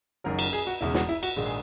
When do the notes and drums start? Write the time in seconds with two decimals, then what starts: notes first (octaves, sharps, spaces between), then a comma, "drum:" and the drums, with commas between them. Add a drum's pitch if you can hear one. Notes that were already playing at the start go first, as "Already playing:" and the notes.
0.24 F#1 F#2 D#3 F#3 A#4
0.39 drum: cymbal
0.53 G#4
0.67 F#4
0.81 E1 E2 C#3 G#3 E4
0.94 F#4, drum: snare
1.09 E4
1.23 F#4, drum: cymbal
1.36 A#1 G#2 D#3 G#3
1.46 G#4